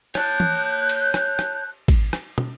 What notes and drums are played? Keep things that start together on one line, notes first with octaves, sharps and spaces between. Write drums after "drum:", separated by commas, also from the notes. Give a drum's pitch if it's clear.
C#5 A5 F#6 G6, drum: rim click
drum: tom E3
drum: cymbal
drum: rim click
drum: rim click
drum: kick G#1, cymbal
drum: rim click
drum: tom